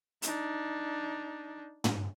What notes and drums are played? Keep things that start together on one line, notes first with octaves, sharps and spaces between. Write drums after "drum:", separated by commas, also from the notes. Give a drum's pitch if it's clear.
D4 D#4, drum: hi-hat
drum: tom